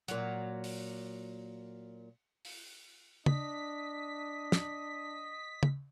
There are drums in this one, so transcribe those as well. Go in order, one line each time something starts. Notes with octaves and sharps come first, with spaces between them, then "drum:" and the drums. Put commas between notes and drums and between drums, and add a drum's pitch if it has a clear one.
A#2 F#3, drum: hi-hat
drum: open hi-hat
drum: open hi-hat
D4 D#5 B6, drum: tom
drum: snare
drum: tom